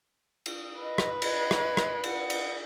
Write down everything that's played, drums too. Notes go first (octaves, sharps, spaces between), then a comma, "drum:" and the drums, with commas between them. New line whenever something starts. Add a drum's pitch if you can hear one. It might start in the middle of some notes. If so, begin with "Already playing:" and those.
drum: cymbal
B4 D#5
drum: rim click
D#5 G#6, drum: cymbal
drum: rim click
drum: rim click
F#5, drum: cymbal
drum: cymbal